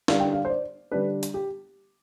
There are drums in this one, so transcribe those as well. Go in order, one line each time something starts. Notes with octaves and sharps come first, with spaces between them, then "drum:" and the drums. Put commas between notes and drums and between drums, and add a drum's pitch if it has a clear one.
D3 G3 D4 F5, drum: snare
G5
F5
C5
D5
D3 G3 D4 B4
drum: hi-hat
G4